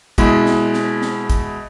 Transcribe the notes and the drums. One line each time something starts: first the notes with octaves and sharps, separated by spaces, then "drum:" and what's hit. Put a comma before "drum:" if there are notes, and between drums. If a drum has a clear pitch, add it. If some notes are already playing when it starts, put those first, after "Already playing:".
B2 G#3 E4, drum: kick, hi-hat
drum: snare
drum: snare
drum: snare
drum: kick, hi-hat